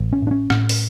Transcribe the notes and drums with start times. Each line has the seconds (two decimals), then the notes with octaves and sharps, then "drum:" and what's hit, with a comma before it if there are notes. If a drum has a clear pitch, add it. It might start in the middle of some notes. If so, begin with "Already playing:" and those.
Already playing: A1
0.13 C#4
0.22 A2
0.27 D4
0.31 C#4
0.50 A2, drum: rim click
0.69 drum: open hi-hat